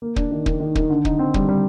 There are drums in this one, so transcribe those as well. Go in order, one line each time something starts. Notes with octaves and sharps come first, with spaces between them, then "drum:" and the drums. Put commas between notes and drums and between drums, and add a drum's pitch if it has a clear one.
A#3
D4, drum: kick
D#3
D#3, drum: kick
D#3
D#3, drum: kick
D3
D#4, drum: kick
C4
G3, drum: kick
G3